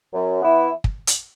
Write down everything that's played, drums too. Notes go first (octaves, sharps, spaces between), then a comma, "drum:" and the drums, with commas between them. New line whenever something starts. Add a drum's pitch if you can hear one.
F#2
E3 B3 E4
drum: kick
drum: hi-hat